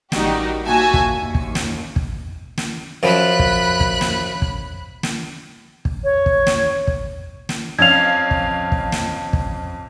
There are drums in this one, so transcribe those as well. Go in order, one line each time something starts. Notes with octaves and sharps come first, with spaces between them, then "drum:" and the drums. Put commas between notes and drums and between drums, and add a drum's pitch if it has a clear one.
A1 D#3 G3 D#4 F#4 G4, drum: snare
A#2 F#4 E5 G#5 A5
drum: kick
D#2
drum: kick
drum: snare
drum: kick
drum: snare
F#2 F3 B5 F#6
drum: kick
drum: kick
drum: snare
drum: kick
drum: snare
drum: kick
C#5
drum: kick
drum: snare
drum: kick
drum: snare
F2 C#4 F5 G#6 F7
drum: kick
drum: kick
drum: snare
drum: kick